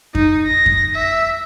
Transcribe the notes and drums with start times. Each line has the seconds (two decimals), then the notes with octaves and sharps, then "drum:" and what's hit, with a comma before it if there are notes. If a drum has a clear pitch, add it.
0.15 D#4, drum: kick F2
0.46 A#6
0.66 drum: kick F2
0.95 E5